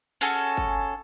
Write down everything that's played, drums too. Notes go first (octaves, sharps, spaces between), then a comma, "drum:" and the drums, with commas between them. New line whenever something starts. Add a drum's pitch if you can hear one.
C#4 F#4 G#4 A4
drum: kick G1